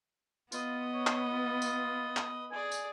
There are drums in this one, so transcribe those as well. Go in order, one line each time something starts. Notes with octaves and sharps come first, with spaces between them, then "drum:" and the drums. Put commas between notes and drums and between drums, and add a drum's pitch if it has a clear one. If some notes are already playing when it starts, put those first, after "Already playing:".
B3 F4 B4 D#5, drum: tambourine
C#5
drum: clap
F4
drum: tambourine
drum: clap
G#4 D5 G#5
drum: tambourine